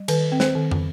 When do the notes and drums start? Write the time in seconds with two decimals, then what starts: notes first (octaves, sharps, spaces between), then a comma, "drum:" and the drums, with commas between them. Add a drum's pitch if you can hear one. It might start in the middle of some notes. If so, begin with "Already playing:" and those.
Already playing: G3
0.08 D#3 B4, drum: cymbal
0.32 C4
0.40 C5, drum: snare
0.55 D#3
0.71 drum: tom